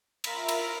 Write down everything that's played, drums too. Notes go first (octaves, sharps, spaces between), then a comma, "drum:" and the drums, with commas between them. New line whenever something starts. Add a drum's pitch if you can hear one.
F4 A#4 E5 A#5 B5, drum: cymbal
drum: cymbal